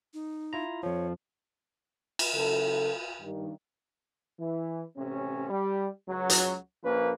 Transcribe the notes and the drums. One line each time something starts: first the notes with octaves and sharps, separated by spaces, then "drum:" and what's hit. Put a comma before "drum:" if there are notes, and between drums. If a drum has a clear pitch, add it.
D#4
E4 F4 A#5
F2 F3 C#5
drum: cymbal
C#3 F#3 E4 A4
G2 D#3
E3
A1 C3 C#4
G3
C#2 F#3
drum: hi-hat
A#1 F3 A#3 C#4 B4